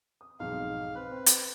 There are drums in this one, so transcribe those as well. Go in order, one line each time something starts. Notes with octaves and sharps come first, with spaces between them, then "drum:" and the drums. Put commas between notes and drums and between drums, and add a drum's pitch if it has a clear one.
D#6
B1 F2 G#2 F5
C4 B4
C4
drum: hi-hat